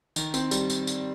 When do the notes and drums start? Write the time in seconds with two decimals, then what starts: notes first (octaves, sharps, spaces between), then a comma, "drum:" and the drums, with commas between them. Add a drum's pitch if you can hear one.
0.16 D#3, drum: tambourine
0.34 C4, drum: tambourine
0.51 G3, drum: tambourine
0.70 drum: tambourine
0.87 drum: tambourine